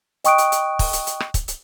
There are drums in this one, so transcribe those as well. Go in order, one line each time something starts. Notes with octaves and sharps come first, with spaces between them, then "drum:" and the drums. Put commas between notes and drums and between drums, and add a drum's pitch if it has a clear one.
D#5 G5 C#6 D#6 F#6 D7, drum: hi-hat
drum: hi-hat
drum: hi-hat
drum: kick, open hi-hat
drum: hi-hat
drum: hi-hat
drum: rim click
drum: kick, hi-hat
drum: hi-hat